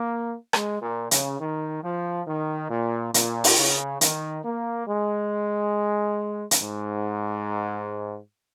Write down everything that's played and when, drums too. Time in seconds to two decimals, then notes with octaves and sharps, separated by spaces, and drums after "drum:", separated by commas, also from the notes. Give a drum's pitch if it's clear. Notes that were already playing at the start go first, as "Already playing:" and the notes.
Already playing: A#3
0.53 G#3, drum: rim click
0.82 A#2
1.11 C#3, drum: hi-hat
1.40 D#3
1.83 F3
2.27 D#3
2.70 A#2
3.14 A#2, drum: hi-hat
3.44 drum: open hi-hat
3.58 C#3
4.01 D#3, drum: hi-hat
4.44 A#3
4.88 G#3
6.51 drum: hi-hat
6.62 G#2